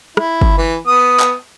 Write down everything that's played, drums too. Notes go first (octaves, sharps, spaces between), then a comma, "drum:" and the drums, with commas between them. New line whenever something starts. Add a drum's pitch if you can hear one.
E4, drum: rim click
drum: kick G1
E3
B3 D#6
drum: clap